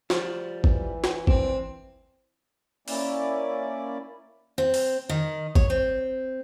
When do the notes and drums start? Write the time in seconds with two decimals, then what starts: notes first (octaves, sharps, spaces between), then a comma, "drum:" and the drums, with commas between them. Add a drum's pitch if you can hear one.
0.10 F3 G3, drum: snare
0.64 E3, drum: kick
1.04 drum: snare
1.27 C4 D4, drum: kick
2.88 A#3 C#4 E4 D5, drum: open hi-hat
4.58 C4
4.74 drum: open hi-hat
5.09 D#3
5.55 C#5, drum: kick
5.70 C4